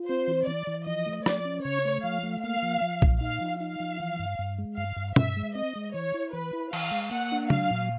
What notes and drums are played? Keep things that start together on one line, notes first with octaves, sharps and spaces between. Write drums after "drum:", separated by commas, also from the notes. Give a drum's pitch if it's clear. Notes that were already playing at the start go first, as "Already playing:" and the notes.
Already playing: F4
C4 C5
E3
E3 D5
E3
F3 D#5
A3
F3 D5, drum: rim click
C#4
C#3 C#5
A3
F3 F5
A3
A#3 F5
F3
F3
A#2, drum: kick
D#4 F5
F3
D#4 F5
F3
E3
G2
G2
G#3
G2 F5
G2
G2 E5, drum: tom
G#3
C4 D#5
G#3
E3 C#5
E4
E3 B4
E4
E3 F5, drum: cymbal
G#3
A#3 F#5
D4
F#3 F5, drum: tom
A#2